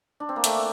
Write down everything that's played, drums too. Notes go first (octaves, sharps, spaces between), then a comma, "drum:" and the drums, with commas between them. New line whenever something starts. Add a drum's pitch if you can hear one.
D4
C4
A#3
A3 C4, drum: hi-hat